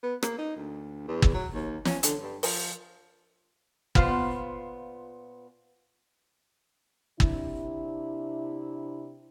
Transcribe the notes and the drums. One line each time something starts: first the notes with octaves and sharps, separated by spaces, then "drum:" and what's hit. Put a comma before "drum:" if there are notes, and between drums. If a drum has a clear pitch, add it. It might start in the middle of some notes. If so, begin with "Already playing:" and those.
B3
A#3, drum: rim click
D#4
D2
E2
drum: kick
F#3
D#2
C#4, drum: snare
D3, drum: hi-hat
G2
F3, drum: open hi-hat
A#2 B3 F4 C5, drum: kick
C3 D4 E4, drum: kick